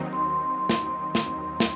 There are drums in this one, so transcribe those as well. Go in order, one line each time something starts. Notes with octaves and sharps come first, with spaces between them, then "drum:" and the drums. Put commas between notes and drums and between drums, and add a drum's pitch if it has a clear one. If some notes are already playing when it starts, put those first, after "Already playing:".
Already playing: D#2 D#3 F#3 C4 D#4
C6
drum: snare
drum: snare
drum: snare